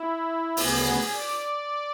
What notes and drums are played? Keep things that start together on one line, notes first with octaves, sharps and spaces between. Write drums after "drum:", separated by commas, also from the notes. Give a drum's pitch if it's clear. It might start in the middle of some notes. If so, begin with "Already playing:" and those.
Already playing: E4
D2 C#3 F#3 B3 G#4, drum: open hi-hat
D5